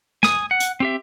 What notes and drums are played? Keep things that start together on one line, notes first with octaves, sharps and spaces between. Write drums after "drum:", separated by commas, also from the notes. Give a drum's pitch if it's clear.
G#5 D#6, drum: snare
F#5
drum: hi-hat
C4 G4 E5